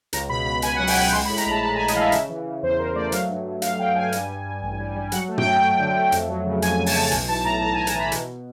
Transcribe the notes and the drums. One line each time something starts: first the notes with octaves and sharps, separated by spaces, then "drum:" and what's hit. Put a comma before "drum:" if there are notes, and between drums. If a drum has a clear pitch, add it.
C#2 A#5, drum: hi-hat
B2 B5
C#2 B5
C#2 G#5, drum: hi-hat
F#5
F#3
G5, drum: open hi-hat
C#2 B5
G#3 C6
B5
A2
A#5, drum: hi-hat
A#1 A5
G#3 A5
G#5
A#1
D#5, drum: hi-hat
E3 E5 F5
C#3, drum: hi-hat
E3
C#3
E2 C5
E2 A#4
A3 D5
F#3 F5, drum: hi-hat
G2
G2
G2 F5, drum: hi-hat
F#3 G5
G2 G#5
G3, drum: hi-hat
G2
G2
A1
G3
G3
F#3 F#5, drum: hi-hat
A3
G5, drum: tom
F#3
A3
D3
A3
F2, drum: hi-hat
F#3
C#3
F2 G#5, drum: hi-hat
F2
A5, drum: open hi-hat
F2
B1, drum: hi-hat
E3 A5
A2 A#5
A2 A5
G#5
B1 A5
A#5, drum: hi-hat
E3 B5
B2, drum: hi-hat